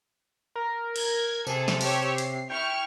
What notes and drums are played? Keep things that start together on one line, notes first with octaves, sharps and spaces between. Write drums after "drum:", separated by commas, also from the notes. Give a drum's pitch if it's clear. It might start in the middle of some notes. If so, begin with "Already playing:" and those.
A#4
G#6, drum: cymbal
C3 G#4 A4, drum: tambourine
drum: snare
G4 C#5 E6, drum: open hi-hat
C7, drum: hi-hat
E4 G5 C#6 F6